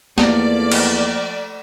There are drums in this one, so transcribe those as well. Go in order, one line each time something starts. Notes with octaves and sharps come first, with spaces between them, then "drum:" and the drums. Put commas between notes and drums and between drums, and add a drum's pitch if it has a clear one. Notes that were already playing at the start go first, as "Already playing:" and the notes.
E2 F3 A3 A#3 D5, drum: snare
drum: cymbal